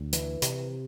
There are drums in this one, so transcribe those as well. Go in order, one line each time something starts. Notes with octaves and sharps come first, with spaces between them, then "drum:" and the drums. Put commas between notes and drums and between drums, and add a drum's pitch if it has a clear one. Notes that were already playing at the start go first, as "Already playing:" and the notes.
Already playing: D2
E3, drum: hi-hat
C3, drum: hi-hat